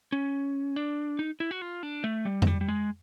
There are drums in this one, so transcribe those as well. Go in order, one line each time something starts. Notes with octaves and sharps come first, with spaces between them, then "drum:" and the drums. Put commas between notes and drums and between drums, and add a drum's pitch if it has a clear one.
C#4
D4
D#4
E4
F#4
F4
D4
A3
G3
F#3, drum: tom F2
G3
G3
G#3